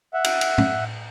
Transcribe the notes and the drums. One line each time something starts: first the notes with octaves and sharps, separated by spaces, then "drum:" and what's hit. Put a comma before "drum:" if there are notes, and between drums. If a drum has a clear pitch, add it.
E5 F#5
drum: cymbal
drum: cymbal
drum: tom A2